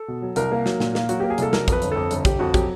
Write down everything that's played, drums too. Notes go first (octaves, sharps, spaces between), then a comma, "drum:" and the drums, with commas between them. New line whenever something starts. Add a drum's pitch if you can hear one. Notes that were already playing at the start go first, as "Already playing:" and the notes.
Already playing: A4
B2
F#3
C2 A#4, drum: hi-hat
A#3
F#3, drum: snare
A#2, drum: snare
A#3, drum: snare
F#3 F#4, drum: hi-hat
A#3 G4
G#4
C2 A4, drum: hi-hat
F#3 A#4, drum: snare
F2 B4, drum: kick, hi-hat
G1, drum: hi-hat
F2 A4
G1, drum: hi-hat
G1 G4, drum: kick, hi-hat
F2 F#4
F#3 G4, drum: kick, hi-hat